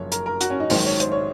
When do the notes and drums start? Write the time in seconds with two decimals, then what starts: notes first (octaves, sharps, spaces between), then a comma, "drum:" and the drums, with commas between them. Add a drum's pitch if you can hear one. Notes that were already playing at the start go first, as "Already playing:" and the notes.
Already playing: F#1 F#2 F3 C#5
0.12 A#4, drum: hi-hat
0.26 A#4
0.41 F#4, drum: hi-hat
0.50 C#4
0.60 D#4
0.70 A#1 G#2 D#3 F#3 C5, drum: open hi-hat
0.85 C#5
1.00 C5, drum: hi-hat
1.12 C#5